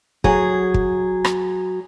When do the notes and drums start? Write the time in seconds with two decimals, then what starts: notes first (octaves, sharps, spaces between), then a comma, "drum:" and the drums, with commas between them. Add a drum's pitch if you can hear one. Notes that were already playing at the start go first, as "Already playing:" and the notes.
0.24 F#3 G#4, drum: kick
0.74 drum: kick
1.25 drum: rim click